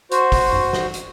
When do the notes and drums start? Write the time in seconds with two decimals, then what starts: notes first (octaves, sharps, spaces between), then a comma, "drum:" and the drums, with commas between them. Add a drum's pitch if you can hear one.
0.11 F#4 C5, drum: hi-hat
0.32 drum: kick, open hi-hat
0.53 drum: tom F#2
0.73 drum: snare
0.94 drum: hi-hat